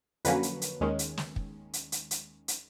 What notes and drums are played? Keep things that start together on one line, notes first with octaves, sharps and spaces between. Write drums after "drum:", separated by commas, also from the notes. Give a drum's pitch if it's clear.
F2 D3 F#3 A#3 C#4 B4, drum: hi-hat
drum: hi-hat
drum: hi-hat
D#2 D#3 G#3 C#4
drum: hi-hat
drum: snare
drum: kick
drum: hi-hat
drum: hi-hat
drum: hi-hat
drum: hi-hat